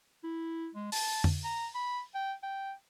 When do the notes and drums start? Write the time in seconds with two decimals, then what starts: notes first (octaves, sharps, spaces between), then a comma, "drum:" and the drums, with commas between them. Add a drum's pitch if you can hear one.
0.24 E4
0.75 G#3
0.92 A5, drum: open hi-hat
1.24 drum: tom F2
1.44 A#5
1.75 B5
2.14 G5
2.43 G5